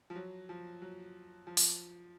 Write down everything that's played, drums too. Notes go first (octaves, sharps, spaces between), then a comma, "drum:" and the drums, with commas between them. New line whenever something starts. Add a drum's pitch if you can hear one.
F3
F#3
F3
F#3
F3
drum: open hi-hat